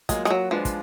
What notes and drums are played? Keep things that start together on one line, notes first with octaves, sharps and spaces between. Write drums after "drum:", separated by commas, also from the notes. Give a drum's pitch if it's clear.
F#3 G#3 A#3 F4, drum: kick, hi-hat
G#3, drum: rim click
F#3
F3 G#3 D4 F4 B4
drum: kick, hi-hat